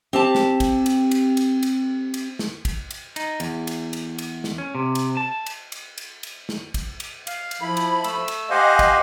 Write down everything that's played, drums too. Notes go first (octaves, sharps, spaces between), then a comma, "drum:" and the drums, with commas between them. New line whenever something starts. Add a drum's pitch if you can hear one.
C4 G4 A5
drum: snare
drum: kick, cymbal
drum: cymbal
drum: cymbal
drum: cymbal
drum: cymbal
drum: cymbal
drum: snare
drum: kick, cymbal
drum: cymbal
D#4, drum: cymbal
E2, drum: cymbal
drum: cymbal
drum: cymbal
drum: cymbal
drum: snare
C#4
C3
drum: cymbal
A5
drum: cymbal
drum: cymbal
drum: cymbal
drum: cymbal
drum: snare
drum: kick, cymbal
drum: cymbal
F5, drum: cymbal
drum: cymbal
F3 E4 B5
drum: cymbal
A3 E6, drum: cymbal
drum: cymbal
G4 C5 D#5 F5 F#5 G#5
drum: kick, cymbal